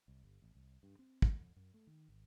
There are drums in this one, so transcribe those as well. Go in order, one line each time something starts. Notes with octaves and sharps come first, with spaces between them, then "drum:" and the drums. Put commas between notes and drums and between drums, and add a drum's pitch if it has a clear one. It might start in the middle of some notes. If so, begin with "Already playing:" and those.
C2
G1
A1
C2
G2
C4
A2, drum: kick
F2
F#2
A3
D#3
G#1